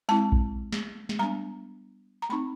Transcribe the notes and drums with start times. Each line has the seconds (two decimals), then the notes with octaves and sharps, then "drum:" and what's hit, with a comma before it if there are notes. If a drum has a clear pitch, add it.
0.09 G#3 C4 E4 A5
0.32 drum: kick A#1
0.73 drum: snare
1.09 drum: snare
1.19 G3 B3 D4 A#5
2.22 A#5
2.29 A3 C4 D#4 B5